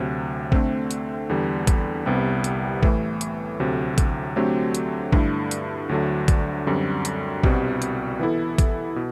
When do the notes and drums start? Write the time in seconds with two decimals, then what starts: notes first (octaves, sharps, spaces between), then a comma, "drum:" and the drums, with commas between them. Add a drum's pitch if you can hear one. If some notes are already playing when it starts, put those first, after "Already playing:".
Already playing: D2 C3 F#3
0.52 D3 A3 C4, drum: kick A1
0.91 drum: hi-hat
1.29 E2 D3 G3
1.67 drum: kick A1, hi-hat
2.06 C2 C3 G3 B3
2.44 drum: hi-hat
2.83 A2 E3 A3, drum: kick A1
3.21 drum: hi-hat
3.60 D2 C3 F#3 A3
3.98 drum: kick A1, hi-hat
4.36 D3 F#3 A3 C4 G4
4.75 drum: hi-hat
5.12 G2 D3 A3 E4, drum: kick A1
5.51 drum: hi-hat
5.89 D2 D3 F#3 A3 D4
6.28 drum: kick A1, hi-hat
6.67 F#2 D3 G3 C4 F#4
7.05 drum: hi-hat
7.44 C2 B2 G3 C4 F#4, drum: kick A1
7.82 drum: hi-hat
8.19 E3 B3 E4 A4
8.58 drum: kick A1, hi-hat
8.96 B2